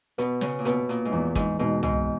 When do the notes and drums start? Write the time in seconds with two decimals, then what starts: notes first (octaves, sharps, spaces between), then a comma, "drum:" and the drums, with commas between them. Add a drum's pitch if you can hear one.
0.18 B2 B3, drum: hi-hat
0.41 C#3, drum: snare
0.59 A#2
0.65 B2 B3, drum: hi-hat
0.89 A#2, drum: hi-hat
1.05 G#2
1.12 E2 A#2
1.35 G#2, drum: kick, hi-hat
1.59 G#2 B2
1.83 G#2, drum: tom C2